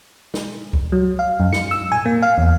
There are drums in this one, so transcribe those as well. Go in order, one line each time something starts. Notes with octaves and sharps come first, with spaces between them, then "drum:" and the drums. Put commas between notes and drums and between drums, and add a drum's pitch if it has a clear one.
drum: snare
drum: kick C2
F#3
F5
F#2
C#7, drum: snare
E6
G#5, drum: tom A2
A#3
F5
E2